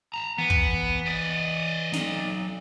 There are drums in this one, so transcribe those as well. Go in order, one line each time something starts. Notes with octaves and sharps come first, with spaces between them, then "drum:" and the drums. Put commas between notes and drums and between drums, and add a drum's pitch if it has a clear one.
A5 A#5
E3 B3
drum: kick
D5 D#5
F#3 D#4, drum: snare